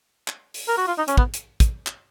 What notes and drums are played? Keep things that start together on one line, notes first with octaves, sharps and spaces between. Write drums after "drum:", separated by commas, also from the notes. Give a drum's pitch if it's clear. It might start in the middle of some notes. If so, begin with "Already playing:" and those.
drum: clap
drum: open hi-hat
A#4
F#4
F4
D#4
C#4, drum: hi-hat
B3, drum: kick
drum: hi-hat
drum: kick, hi-hat
drum: clap